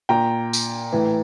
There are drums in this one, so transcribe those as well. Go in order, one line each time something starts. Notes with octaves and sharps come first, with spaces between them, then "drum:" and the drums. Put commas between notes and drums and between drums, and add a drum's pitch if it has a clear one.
A#2 G5 A#5
drum: tambourine
A2 E3